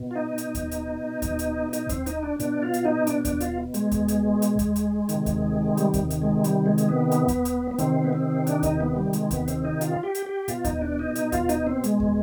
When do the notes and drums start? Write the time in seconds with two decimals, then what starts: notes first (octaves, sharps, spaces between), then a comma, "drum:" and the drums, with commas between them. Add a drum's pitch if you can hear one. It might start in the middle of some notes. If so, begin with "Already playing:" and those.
Already playing: B2
0.11 F4
0.15 D#4
0.38 drum: hi-hat
0.55 drum: kick D#2, hi-hat
0.71 drum: hi-hat
1.22 drum: kick D#2, hi-hat
1.39 drum: hi-hat
1.73 D#4, drum: hi-hat
1.89 C4, drum: kick D#2, hi-hat
2.06 D#4, drum: hi-hat
2.23 D4
2.40 B2 D4, drum: hi-hat
2.62 F4
2.74 drum: hi-hat
2.85 D#4
3.07 D4, drum: hi-hat
3.25 D4, drum: kick D#2, hi-hat
3.40 F4, drum: hi-hat
3.74 G#3, drum: hi-hat
3.91 drum: kick D#2, hi-hat
4.08 drum: hi-hat
4.42 drum: hi-hat
4.59 drum: kick D#2, hi-hat
4.76 drum: hi-hat
5.09 C3 D#3, drum: hi-hat
5.26 drum: kick D#2, hi-hat
5.77 G3, drum: hi-hat
5.94 drum: kick D#2, hi-hat
6.10 drum: hi-hat
6.22 G#3
6.44 G3, drum: hi-hat
6.66 G#3
6.78 drum: hi-hat
6.89 B3
7.11 drum: hi-hat
7.28 drum: kick D#2, hi-hat
7.45 drum: hi-hat
7.71 B3
7.78 C3 D#3 C4, drum: hi-hat
8.04 B3
8.13 C4
8.47 D4, drum: hi-hat
8.63 D#4, drum: kick D#2, hi-hat
8.80 B3
8.96 G3
9.13 G#3, drum: hi-hat
9.31 B3, drum: kick D#2, hi-hat
9.48 C4, drum: hi-hat
9.65 D#4
9.81 F4, drum: hi-hat
10.03 G4
10.15 drum: hi-hat
10.26 G4
10.48 B2 F4, drum: hi-hat
10.64 D#4, drum: kick D#2, hi-hat
10.81 D4
10.99 D#4
11.15 D#4, drum: hi-hat
11.32 F4, drum: kick D#2, hi-hat
11.49 D#4, drum: hi-hat
11.67 C4
11.84 G#3, drum: hi-hat
12.00 drum: kick D#2